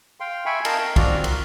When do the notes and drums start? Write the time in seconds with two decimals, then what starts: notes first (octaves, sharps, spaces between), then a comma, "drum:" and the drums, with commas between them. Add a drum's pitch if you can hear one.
0.20 F5 G5 C6
0.46 E5 G5 G#5 B5 C#6
0.65 A#4 D#5 F5 G5 A5, drum: cymbal
0.80 A#4
0.96 G#2 C4 F4 F#4 D5 F6, drum: kick, cymbal
1.24 A#4, drum: cymbal